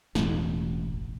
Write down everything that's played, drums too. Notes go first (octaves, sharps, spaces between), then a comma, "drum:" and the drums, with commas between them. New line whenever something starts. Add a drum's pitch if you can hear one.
E1 A1, drum: snare